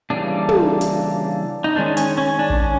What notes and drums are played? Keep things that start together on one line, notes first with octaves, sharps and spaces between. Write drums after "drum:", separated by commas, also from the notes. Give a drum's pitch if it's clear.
C#3 E3 G3 A#3 D4
drum: tom
drum: hi-hat
D#4
D#3 G#3 C#4 D4
C#4, drum: hi-hat
C#4
D4
drum: kick
C#4